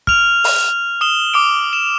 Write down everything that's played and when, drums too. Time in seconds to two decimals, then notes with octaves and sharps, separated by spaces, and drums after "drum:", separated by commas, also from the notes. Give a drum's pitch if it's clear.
0.07 F6 F7, drum: kick
0.44 drum: open hi-hat
1.01 D#6 E7 G7
1.34 D6 D#6 D7
1.73 E7